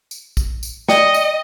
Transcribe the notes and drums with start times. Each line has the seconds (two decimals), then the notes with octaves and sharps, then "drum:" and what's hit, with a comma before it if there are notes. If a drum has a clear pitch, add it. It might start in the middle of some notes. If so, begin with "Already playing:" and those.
0.11 drum: tambourine
0.37 drum: kick A#1, tambourine
0.63 drum: tambourine
0.89 D5 D#5 G5 C#7, drum: snare
1.14 drum: tambourine